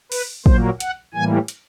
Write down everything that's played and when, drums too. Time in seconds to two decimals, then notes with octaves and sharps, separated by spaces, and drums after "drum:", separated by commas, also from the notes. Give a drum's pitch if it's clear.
0.12 B4, drum: open hi-hat
0.46 A#2 F#3 A#3 C5, drum: kick
0.80 F#5, drum: hi-hat
1.14 A2 E3 G3 A#3 G#5
1.48 drum: hi-hat